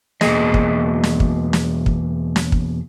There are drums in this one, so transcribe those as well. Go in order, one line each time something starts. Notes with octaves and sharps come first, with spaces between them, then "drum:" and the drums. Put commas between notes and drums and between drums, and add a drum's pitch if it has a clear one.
E2 B2 A#3 G#4 D#5, drum: snare
drum: kick
drum: snare
drum: kick
drum: snare
drum: kick
drum: snare
drum: kick